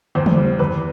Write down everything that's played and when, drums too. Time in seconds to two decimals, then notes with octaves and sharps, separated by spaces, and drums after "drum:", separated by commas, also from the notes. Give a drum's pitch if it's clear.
0.15 E2 C5
0.26 drum: tom
0.37 G3
0.59 E2 B4